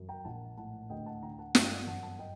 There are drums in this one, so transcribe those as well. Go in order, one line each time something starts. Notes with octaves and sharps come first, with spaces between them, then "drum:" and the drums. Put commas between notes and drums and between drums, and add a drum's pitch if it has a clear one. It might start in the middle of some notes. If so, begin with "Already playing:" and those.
Already playing: F#2
G5 A#5
A#1 F#5 A5
A2 F#5 A5
D2 D#5 G5
F#5 A5
D3 G5 A#5
F#5 A5
G1 D#5 G5, drum: snare
D5 F#5
F#2 F#5 A5
F#5 A5
D#5 G5